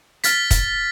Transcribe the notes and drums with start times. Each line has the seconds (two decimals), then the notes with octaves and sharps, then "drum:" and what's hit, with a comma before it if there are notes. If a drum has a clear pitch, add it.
0.24 F6 A6 B6, drum: hi-hat
0.51 drum: kick, hi-hat